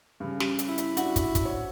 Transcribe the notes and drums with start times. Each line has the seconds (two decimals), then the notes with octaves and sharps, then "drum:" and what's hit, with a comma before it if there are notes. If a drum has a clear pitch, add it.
0.20 G2 C#3
0.40 C#4 G4, drum: snare
0.59 drum: hi-hat
0.69 E4
0.78 drum: hi-hat
0.97 D4 F#4 F#5, drum: hi-hat
1.16 drum: kick, hi-hat
1.35 drum: kick, hi-hat
1.45 C5 C#5